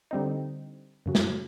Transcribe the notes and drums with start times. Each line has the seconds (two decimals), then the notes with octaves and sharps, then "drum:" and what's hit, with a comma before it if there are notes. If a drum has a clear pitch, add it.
0.11 D3 G3 C4 D#4
1.06 F#2 C#3 F#3
1.15 drum: snare